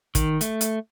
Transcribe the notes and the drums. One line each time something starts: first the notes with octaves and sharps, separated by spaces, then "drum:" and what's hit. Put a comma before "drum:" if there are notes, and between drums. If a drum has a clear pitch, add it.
D#3, drum: kick, hi-hat
A3, drum: hi-hat
drum: hi-hat